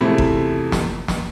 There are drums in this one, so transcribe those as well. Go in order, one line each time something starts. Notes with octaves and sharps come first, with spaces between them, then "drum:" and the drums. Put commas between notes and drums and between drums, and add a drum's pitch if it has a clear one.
E2 C3 F3 A3 E4
drum: kick G#1
drum: snare
drum: snare